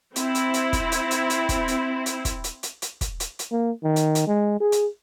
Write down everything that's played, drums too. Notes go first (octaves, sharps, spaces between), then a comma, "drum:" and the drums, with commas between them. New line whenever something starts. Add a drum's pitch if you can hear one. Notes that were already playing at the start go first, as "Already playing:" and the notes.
C4 E4, drum: hi-hat
drum: hi-hat
drum: hi-hat
drum: kick, hi-hat
drum: hi-hat
drum: hi-hat
drum: hi-hat
drum: kick, hi-hat
drum: hi-hat
drum: hi-hat
drum: kick, hi-hat
drum: hi-hat
drum: hi-hat
drum: hi-hat
drum: kick, hi-hat
drum: hi-hat
drum: hi-hat
A#3
D#3
drum: hi-hat
drum: hi-hat
G#3
G#4
drum: hi-hat